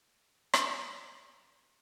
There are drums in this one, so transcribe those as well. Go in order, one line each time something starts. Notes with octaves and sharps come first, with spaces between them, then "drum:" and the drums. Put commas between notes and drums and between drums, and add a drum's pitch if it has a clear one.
B3 F#4 G#4 B4 C#5
drum: rim click